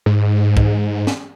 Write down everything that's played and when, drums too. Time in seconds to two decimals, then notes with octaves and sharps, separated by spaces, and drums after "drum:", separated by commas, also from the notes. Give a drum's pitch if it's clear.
0.06 G#2
0.57 drum: kick
1.07 drum: snare